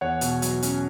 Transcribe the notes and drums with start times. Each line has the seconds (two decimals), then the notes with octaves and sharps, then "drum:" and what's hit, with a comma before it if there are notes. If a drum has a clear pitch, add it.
0.01 E2 C#5 F#5
0.21 B2, drum: hi-hat
0.42 F#3, drum: hi-hat
0.62 C#4, drum: hi-hat